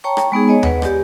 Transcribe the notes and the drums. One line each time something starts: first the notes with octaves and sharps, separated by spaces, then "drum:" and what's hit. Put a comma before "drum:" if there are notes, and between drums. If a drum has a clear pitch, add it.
C#5 G5 A5 A#5 C#6
drum: rim click
G#3 B3 D#4 G#4
C#5 D#5 G#5
B4 F#5, drum: tom D#2
G4 D5, drum: rim click